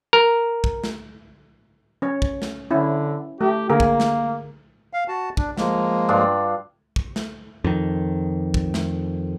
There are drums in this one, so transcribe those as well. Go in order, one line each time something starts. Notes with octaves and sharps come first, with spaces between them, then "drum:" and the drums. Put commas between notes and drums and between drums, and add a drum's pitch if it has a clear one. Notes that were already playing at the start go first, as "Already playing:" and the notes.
A#4
drum: kick
drum: snare
C#4 C#5
drum: kick
drum: snare
D3 C#4 E4
A3 G4
D3 A#3 G#4 A#4
drum: kick
drum: snare
F5
F#4 A5
D4, drum: kick
F3 G#3 A#3, drum: snare
G2 D4 F4
drum: kick
drum: snare
F2 D#3
drum: kick
drum: snare